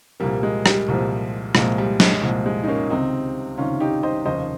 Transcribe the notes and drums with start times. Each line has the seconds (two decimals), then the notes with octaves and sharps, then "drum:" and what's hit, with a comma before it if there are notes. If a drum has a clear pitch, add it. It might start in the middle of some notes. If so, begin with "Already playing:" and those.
0.20 C2 A#2 F3 G3 A#3
0.43 G#3
0.66 G3, drum: rim click
0.88 C2 A#2 F3
1.55 C2 A#2 F3 G#3, drum: rim click
1.78 G3
2.00 G#3, drum: snare
2.23 C2 A#2 F3
2.46 G#3
2.63 D#4
2.68 A#3 C#4
2.90 C#2 C3 D#3 C4 D#4
3.58 C#2 C3 D#3 C#4 F4
3.80 D#4 G4
4.03 C5 D#5
4.25 F1 D#2 C#3 F3 C5 D#5